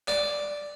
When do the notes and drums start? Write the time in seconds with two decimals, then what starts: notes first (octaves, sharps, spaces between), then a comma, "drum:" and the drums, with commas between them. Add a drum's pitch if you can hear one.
0.08 D5, drum: clap